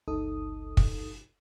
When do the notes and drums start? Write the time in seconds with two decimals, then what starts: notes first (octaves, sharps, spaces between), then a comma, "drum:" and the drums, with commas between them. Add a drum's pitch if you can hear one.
0.08 G1 C#2 D#4 A4 D#6
0.77 drum: kick